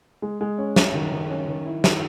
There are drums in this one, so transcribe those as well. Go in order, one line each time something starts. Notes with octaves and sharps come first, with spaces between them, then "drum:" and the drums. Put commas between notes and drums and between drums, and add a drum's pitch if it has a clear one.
G#3
G#3
C#4
C#4, drum: snare
D#3
D#3
C#4
D#3
E4
D#3, drum: snare